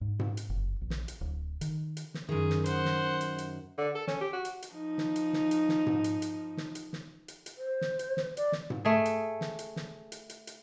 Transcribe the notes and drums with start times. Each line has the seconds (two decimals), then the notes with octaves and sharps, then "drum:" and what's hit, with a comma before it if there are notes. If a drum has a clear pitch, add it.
0.01 G#2
0.19 drum: tom G#2
0.37 drum: hi-hat
0.50 F#1
0.81 A#1
0.90 drum: snare
1.08 drum: hi-hat
1.21 D1
1.61 D#3, drum: hi-hat
1.97 drum: hi-hat
2.14 drum: snare
2.29 F#2 D#3 G#4
2.50 drum: snare
2.66 C5 F#5, drum: hi-hat
2.85 drum: snare
3.21 drum: hi-hat
3.38 drum: hi-hat
3.78 D3
3.95 A4
4.07 C#4, drum: snare
4.21 G4
4.33 F#4
4.45 drum: hi-hat
4.62 drum: hi-hat
4.72 F3 D#4
4.98 drum: snare
5.16 drum: hi-hat
5.33 drum: snare
5.51 drum: hi-hat
5.69 drum: snare
5.86 drum: tom G#2
6.04 drum: hi-hat
6.22 drum: hi-hat
6.57 drum: snare
6.75 drum: hi-hat
6.93 drum: snare
7.28 drum: hi-hat
7.46 drum: hi-hat
7.58 C5
7.81 drum: snare
7.99 drum: hi-hat
8.17 drum: snare
8.37 D5, drum: hi-hat
8.52 drum: snare
8.70 drum: tom G#2
8.85 A3 G#4
9.05 drum: hi-hat
9.41 drum: snare
9.59 drum: hi-hat
9.76 drum: snare
10.12 drum: hi-hat
10.29 drum: hi-hat
10.47 drum: hi-hat